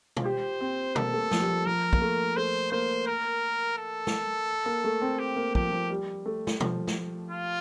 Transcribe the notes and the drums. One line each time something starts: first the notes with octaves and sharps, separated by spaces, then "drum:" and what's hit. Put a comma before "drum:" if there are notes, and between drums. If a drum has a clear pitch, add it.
F4, drum: tom
G4 C5
C4
A#3 A4, drum: tom
A3
F3, drum: snare
G3
F3
F3 A#4
A#3, drum: kick
A3
A3 C5
A#3 C5
A#4
A4
drum: snare
A#3
A3
C4
G4
A#3
F3 G4, drum: kick
F3
G3
A3
drum: snare
F3, drum: tom
drum: snare
F4